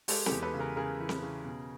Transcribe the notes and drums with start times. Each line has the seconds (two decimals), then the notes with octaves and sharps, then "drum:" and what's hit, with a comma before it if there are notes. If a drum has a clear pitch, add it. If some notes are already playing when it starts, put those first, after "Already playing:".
0.08 G#3 G4 A4, drum: open hi-hat
0.26 G4 A4, drum: snare C4
0.31 E2
0.42 A4 B4
0.54 C#3
0.59 G#4 A#4
0.76 C#3 G#4 A#4
0.99 E3
1.09 drum: snare C4
1.23 C#3
1.45 B2